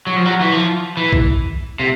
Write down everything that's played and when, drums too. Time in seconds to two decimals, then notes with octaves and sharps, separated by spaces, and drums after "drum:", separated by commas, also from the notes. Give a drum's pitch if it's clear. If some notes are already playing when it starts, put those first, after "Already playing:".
0.07 F#3
0.16 F3
0.25 F#3
0.41 E3
0.52 F3
0.97 E3
1.12 drum: kick
1.80 C3